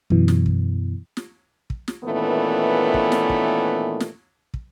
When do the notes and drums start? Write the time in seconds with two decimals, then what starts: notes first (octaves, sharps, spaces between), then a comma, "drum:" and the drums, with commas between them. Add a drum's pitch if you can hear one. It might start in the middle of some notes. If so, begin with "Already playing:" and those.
0.10 F#2 B2 E3, drum: kick
0.28 drum: snare
0.46 drum: kick
1.17 drum: snare
1.70 drum: kick
1.88 drum: snare
2.04 A#2 D#3 E3 A3 B3 C#4
2.94 drum: kick
3.12 drum: snare
3.29 drum: kick
4.00 drum: snare
4.54 drum: kick